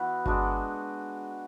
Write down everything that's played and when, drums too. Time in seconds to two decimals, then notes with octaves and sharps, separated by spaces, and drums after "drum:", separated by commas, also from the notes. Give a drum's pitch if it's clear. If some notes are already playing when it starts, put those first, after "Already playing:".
Already playing: E3 B3 F#4 B4
0.26 G#3 D4 F#4, drum: kick G1